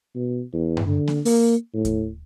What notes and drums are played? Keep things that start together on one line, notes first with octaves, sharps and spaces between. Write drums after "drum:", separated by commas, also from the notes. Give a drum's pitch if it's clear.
B2
E2
drum: tom G2
D3
drum: snare A#3
A#3, drum: open hi-hat
A2
drum: kick D#2, hi-hat